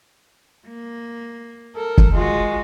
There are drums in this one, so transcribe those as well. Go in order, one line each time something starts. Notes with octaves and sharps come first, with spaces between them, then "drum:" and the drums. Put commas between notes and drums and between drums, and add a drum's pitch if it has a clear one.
A#3
A4 A#4
drum: kick
G#3 F4 F#4